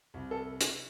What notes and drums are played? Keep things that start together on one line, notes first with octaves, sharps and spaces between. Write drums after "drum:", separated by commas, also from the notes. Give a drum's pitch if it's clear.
C2
A4
drum: hi-hat